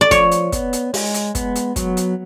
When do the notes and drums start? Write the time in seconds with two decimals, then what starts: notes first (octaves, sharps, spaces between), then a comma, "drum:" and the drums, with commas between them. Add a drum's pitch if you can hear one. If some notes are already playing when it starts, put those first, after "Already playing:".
0.01 D5
0.11 F3 C#5, drum: kick, hi-hat
0.31 drum: hi-hat
0.52 B3, drum: kick, hi-hat
0.73 drum: hi-hat
0.94 G#3, drum: open hi-hat
1.14 drum: hi-hat
1.35 B3, drum: kick, hi-hat
1.55 drum: hi-hat
1.76 F#3, drum: kick, hi-hat
1.97 drum: hi-hat